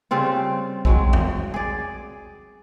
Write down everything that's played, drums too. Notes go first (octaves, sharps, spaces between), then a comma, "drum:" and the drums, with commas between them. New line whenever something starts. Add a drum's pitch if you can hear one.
C#3 G3 C4 F4
F#3 G#3 C4, drum: kick A#1
drum: tom E2
G#4 D5